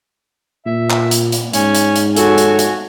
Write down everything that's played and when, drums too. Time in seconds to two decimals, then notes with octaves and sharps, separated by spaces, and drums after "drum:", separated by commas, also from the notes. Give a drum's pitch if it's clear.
0.66 A#2 E5
0.90 drum: clap
1.11 drum: hi-hat
1.32 drum: hi-hat
1.53 G#2 C#4, drum: hi-hat
1.75 drum: hi-hat
1.96 drum: hi-hat
2.16 F#4 A4 C#5 G#5, drum: hi-hat
2.38 drum: hi-hat
2.59 drum: hi-hat